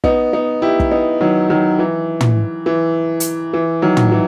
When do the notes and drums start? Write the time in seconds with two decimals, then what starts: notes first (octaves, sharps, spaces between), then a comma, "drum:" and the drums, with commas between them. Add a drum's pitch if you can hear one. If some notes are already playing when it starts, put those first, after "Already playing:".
0.04 B3 D#4, drum: kick
0.33 B3 D#4
0.62 E4 G4
0.80 drum: kick
0.91 B3 D#4
1.21 D#3 F#3
1.50 D#3 F#3
1.79 E3
2.21 drum: tom
2.66 E3
3.20 drum: hi-hat
3.54 E3
3.82 D#3 F#3
3.97 drum: tom
4.12 E3